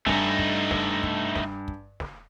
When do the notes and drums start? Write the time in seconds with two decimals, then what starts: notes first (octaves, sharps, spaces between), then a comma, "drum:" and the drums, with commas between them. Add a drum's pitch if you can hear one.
0.06 G2 A3 D#4 G#5 F7, drum: snare
0.39 drum: kick
0.71 drum: snare
1.03 drum: kick
1.36 drum: snare
1.68 drum: kick
2.00 drum: snare